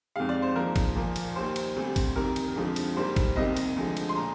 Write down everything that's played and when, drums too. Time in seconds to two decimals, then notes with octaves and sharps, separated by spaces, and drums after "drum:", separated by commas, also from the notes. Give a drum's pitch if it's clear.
0.16 F2 C3 D#3 G#3 F5
0.29 D5
0.42 C5
0.56 G#2 F3 A#3 A#4
0.76 drum: kick, cymbal
0.96 A#2 F3 A#3
1.16 drum: cymbal
1.36 D#2 D#3 A#3 C5
1.56 drum: cymbal
1.76 D2 C3 G3
1.96 drum: kick, cymbal
2.15 F2 C3 D#3 A#4
2.36 drum: cymbal
2.56 F2 D3 F3 G#3
2.76 drum: cymbal
2.97 G#2 G3 A#3 C5
3.16 drum: kick, cymbal
3.36 C2 C3 D#3 A#3 D#5
3.57 drum: cymbal
3.76 D2 D3 F3 G#3
3.97 drum: cymbal
4.09 C6
4.16 A#2 A#5